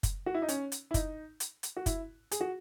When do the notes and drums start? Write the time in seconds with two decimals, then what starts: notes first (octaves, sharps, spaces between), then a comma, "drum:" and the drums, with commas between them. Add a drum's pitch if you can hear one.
0.03 drum: kick, hi-hat
0.26 F#4
0.34 E4
0.42 D#4
0.48 C#4, drum: hi-hat
0.72 drum: hi-hat
0.91 E4
0.94 D#4, drum: kick, hi-hat
1.40 drum: hi-hat
1.63 drum: hi-hat
1.76 F#4
1.86 E4, drum: kick, hi-hat
2.31 G#4, drum: hi-hat
2.41 F#4